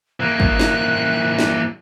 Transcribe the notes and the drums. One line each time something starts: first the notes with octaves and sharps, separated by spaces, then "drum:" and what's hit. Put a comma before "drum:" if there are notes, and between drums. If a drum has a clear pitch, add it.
E3 A#3 F#6
drum: kick
drum: snare
drum: snare